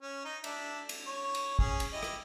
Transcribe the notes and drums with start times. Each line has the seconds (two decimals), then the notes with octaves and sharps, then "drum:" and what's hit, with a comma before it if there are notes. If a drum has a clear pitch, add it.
0.01 C#4
0.25 D#4 D#5
0.44 D4 E5, drum: cymbal
0.89 drum: cymbal
1.07 C#5
1.35 drum: cymbal
1.59 C#4 G#4, drum: kick
1.80 drum: cymbal
1.93 E4 G4 D#5
2.03 drum: rim click